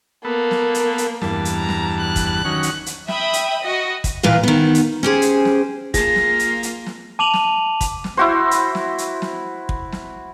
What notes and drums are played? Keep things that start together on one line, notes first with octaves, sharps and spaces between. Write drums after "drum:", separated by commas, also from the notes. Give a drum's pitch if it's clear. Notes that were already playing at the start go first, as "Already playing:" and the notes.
A#3 B3 A4
drum: snare
drum: hi-hat
drum: hi-hat
E2 G2 A5, drum: snare
drum: hi-hat
A#5
drum: snare
F#6
drum: kick, hi-hat
D#3 F#3 C#4
drum: hi-hat
drum: hi-hat
E5 G5 B5 D#6, drum: snare
drum: hi-hat
F#4 D#5
drum: kick, hi-hat
A#2 E3 F4 B4 F5
D#3 B3
drum: hi-hat
C#4 G4 G#4 C5
drum: hi-hat
drum: snare
A#3 F4 G#4 A5 A#6, drum: kick, hi-hat
drum: snare
drum: hi-hat
drum: hi-hat
drum: snare
A5 D6 D#7 F7 F#7
drum: snare
drum: kick, hi-hat
drum: snare
E4 F#4 C5
drum: hi-hat
drum: snare
drum: hi-hat
drum: snare
drum: kick
drum: snare